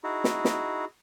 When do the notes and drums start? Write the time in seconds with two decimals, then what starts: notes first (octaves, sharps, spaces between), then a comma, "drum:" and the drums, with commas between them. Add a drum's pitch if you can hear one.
0.04 D#4 E4 F#4 G#4
0.24 drum: snare
0.45 drum: snare